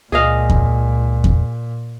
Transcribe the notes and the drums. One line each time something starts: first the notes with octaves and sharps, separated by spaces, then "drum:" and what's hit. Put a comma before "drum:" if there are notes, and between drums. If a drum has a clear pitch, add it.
C#2 A#2 G#4 D#5 F5
drum: kick E2
drum: kick E2